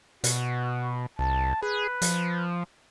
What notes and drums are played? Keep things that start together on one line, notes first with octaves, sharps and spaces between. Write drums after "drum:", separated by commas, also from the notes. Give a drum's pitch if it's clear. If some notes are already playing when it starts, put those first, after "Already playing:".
B2 F#4, drum: hi-hat
C2 A5
G#4 B4
F3, drum: hi-hat